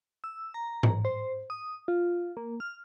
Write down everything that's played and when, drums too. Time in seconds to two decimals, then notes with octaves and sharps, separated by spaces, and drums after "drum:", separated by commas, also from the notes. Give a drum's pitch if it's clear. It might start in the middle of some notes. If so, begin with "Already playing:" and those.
0.24 E6
0.54 A#5
0.83 drum: tom G#2
1.05 C5
1.50 D#6
1.88 F4
2.37 A#3
2.60 F6